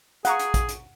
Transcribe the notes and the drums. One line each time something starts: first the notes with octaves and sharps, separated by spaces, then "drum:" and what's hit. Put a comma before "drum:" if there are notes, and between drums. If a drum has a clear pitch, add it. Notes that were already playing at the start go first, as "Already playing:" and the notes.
G#4 F5 F#5 A#5 C#6, drum: hi-hat
drum: hi-hat
drum: kick, hi-hat
drum: hi-hat